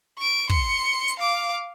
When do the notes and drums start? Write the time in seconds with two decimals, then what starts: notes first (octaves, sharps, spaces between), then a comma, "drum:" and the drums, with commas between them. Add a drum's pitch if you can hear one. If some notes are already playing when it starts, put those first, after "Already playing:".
0.18 C#6 D7
0.49 C6 C#7, drum: kick
1.08 drum: hi-hat
1.19 F5 D6